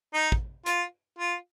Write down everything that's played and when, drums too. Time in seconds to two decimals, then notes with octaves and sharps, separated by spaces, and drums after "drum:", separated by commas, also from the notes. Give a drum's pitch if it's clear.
0.14 D#4
0.32 drum: kick
0.66 F4, drum: hi-hat
1.19 F4